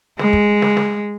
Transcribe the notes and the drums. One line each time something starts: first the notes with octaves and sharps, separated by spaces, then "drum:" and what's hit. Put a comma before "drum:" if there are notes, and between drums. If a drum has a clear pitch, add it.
G#3, drum: snare
drum: kick
drum: snare
drum: snare